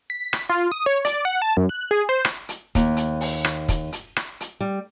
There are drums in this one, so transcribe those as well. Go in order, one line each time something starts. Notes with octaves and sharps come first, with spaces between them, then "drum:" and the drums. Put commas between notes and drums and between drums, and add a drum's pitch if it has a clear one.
B6
drum: rim click
F4
D#6
C#5
D5, drum: hi-hat
F#5
A5
F#2
F#6
G#4
C5
drum: rim click
drum: hi-hat
D#2, drum: kick, hi-hat
drum: hi-hat
drum: open hi-hat
drum: rim click
drum: kick, hi-hat
drum: hi-hat
drum: rim click
drum: hi-hat
G3